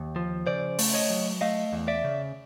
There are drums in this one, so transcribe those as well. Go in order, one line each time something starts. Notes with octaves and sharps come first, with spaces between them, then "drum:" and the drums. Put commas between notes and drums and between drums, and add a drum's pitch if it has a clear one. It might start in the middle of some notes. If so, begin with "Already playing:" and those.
Already playing: D#2
F3
C#3 C5 D5
A3, drum: open hi-hat
C#5 D#5
F#3
A3 D#5 F5
E2
D5 E5
C#3